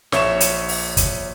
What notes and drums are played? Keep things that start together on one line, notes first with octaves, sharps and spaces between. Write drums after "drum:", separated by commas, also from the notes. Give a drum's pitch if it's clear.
A#1 C#5 E5 C#6 E7, drum: snare
drum: hi-hat
drum: open hi-hat
drum: kick, hi-hat